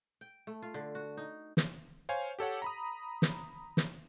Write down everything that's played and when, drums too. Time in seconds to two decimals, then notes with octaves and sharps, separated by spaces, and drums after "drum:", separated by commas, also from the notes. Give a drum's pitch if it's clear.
0.21 G5
0.47 A3
0.62 F4
0.74 D3
0.95 F#4
1.17 D#4
1.57 drum: snare
2.09 C5 C#5 F5 G#5
2.39 G4 A4 C#5 F#5
2.62 A#5 B5 D#6
3.22 drum: snare
3.77 drum: snare